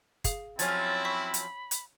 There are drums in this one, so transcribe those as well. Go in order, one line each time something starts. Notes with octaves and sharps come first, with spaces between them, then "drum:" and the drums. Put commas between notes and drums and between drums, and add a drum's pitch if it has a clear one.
G#4 F5 C7, drum: kick, hi-hat
F3 F#3 C4 C#4 E4 G#6 A6, drum: hi-hat
C#5 B5 C#6 B6
drum: hi-hat
drum: hi-hat